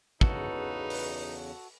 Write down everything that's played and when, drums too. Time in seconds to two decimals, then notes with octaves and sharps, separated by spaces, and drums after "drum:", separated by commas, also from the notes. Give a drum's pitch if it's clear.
0.21 E2 C#3 D#4 F#4 A4 B4, drum: kick
0.90 drum: open hi-hat